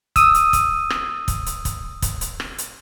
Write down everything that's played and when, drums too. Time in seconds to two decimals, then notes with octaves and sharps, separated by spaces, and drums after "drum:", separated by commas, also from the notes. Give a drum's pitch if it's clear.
0.16 D#6 E6 D#7, drum: kick, hi-hat
0.34 drum: hi-hat
0.53 drum: kick, hi-hat
0.90 drum: rim click
1.28 drum: kick, hi-hat
1.46 drum: hi-hat
1.65 drum: kick, hi-hat
2.02 drum: kick, hi-hat
2.21 drum: hi-hat
2.40 drum: rim click
2.58 drum: hi-hat